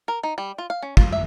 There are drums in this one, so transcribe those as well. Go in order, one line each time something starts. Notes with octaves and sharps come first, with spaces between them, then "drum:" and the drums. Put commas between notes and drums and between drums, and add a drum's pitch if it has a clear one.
A#4
D#4
G3
F4
F5
C#4
F4, drum: kick
E5